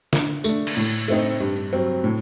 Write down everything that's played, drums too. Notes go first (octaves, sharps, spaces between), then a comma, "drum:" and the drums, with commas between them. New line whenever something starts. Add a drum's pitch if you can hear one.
D3, drum: snare
A3 D4, drum: tambourine
drum: cymbal
A2
A3 C4 D#4
G2
F#3 C4
A2